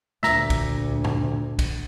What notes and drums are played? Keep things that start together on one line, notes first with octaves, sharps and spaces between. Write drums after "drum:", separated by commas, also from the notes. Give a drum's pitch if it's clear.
D2 A#2 E5 A#5, drum: snare
drum: kick, cymbal
drum: tom
drum: kick, cymbal